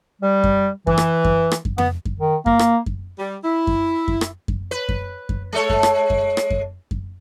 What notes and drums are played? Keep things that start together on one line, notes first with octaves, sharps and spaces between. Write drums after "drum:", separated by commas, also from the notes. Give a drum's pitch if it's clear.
G3
drum: kick F#2
E3, drum: kick F#2
drum: rim click
drum: kick F#2
drum: rim click
drum: kick F#2
B3, drum: tom F2
drum: kick F#2
D#3
A#3, drum: kick F#2
drum: rim click
drum: kick F#2
G3
E4
drum: kick F#2
drum: kick F#2
drum: rim click
drum: kick F#2
B4
drum: kick F#2
drum: kick F#2
G#3 A4 C#5
drum: kick F#2
drum: rim click
drum: kick F#2
drum: rim click
drum: kick F#2
drum: kick F#2